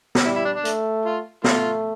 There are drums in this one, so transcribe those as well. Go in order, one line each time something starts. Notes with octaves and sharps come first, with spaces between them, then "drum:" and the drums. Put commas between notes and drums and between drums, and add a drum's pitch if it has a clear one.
drum: snare
G3 E4
E4
D4
D4
A3, drum: hi-hat
F4
A3 F4, drum: snare